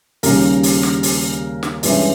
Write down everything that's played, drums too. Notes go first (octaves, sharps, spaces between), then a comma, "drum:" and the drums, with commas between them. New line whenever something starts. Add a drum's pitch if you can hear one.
D#2 C#3 G3 C#4 A#4, drum: open hi-hat
drum: open hi-hat
drum: snare
drum: open hi-hat
drum: snare
G2 E3 G#3 C#4, drum: open hi-hat